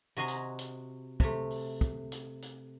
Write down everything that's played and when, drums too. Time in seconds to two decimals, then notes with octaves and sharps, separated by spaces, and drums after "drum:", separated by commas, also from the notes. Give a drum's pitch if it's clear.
0.17 C3 F#4 D#5 G#5 A#5 C6
0.28 drum: hi-hat
0.59 drum: hi-hat
1.20 C3 A3, drum: kick
1.51 drum: open hi-hat
1.81 drum: kick, hi-hat
2.12 drum: hi-hat
2.42 drum: hi-hat